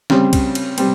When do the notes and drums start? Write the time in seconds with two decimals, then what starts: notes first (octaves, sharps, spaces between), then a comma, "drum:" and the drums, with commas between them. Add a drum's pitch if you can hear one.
0.10 C#3 G3 C4, drum: snare
0.33 drum: kick C2, cymbal
0.55 drum: cymbal
0.78 G3 C4, drum: cymbal